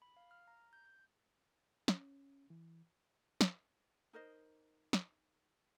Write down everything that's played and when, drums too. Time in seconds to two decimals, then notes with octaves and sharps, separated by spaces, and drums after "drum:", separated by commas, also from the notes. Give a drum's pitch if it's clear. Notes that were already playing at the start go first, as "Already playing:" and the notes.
0.02 B5
0.17 F5
0.31 F6
0.47 A#5
0.73 G6
0.86 G6
1.88 C#4, drum: snare
2.50 E3
3.41 drum: snare
4.13 D#4 A#4 C5 D#5
4.93 drum: snare